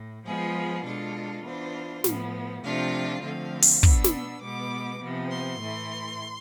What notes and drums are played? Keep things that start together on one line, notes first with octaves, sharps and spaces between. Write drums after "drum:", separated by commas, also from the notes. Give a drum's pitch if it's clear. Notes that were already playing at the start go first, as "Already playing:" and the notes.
Already playing: A2
F3 G#3 B3 F4 G#4
B2 G#3 D4 F4 A4
E3 B3 D4 F4 C5
A2 F3 B3, drum: snare
C3 F3 A3 D4 F4 F5
D3 F3 A3 C4 F5
drum: open hi-hat
B2 B3 D4 E6, drum: kick
drum: snare
B2 G#3 B3 D6
C3 F3 B3
C6
A2 E3 A3